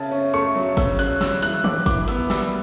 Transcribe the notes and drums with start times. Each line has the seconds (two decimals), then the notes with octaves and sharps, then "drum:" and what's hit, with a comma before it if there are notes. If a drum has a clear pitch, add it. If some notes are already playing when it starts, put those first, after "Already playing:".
Already playing: C#3 E5 A5
0.11 C#4
0.33 A3 C#6
0.56 F#3
0.77 C#3 E6, drum: kick, hi-hat
0.99 C#4 F#6, drum: hi-hat
1.21 G3 E6, drum: snare
1.42 E3 F#6, drum: hi-hat
1.64 A2 D6, drum: tom D#3
1.86 E4 D6, drum: kick, hi-hat
2.08 B3 E6, drum: hi-hat
2.30 G3 E6, drum: snare